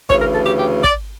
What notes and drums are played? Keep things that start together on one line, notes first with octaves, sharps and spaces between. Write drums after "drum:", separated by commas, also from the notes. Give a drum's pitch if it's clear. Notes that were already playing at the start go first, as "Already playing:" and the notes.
D2 C#3 E3 C#5, drum: kick
A#4
A4
G4
G4
D5, drum: kick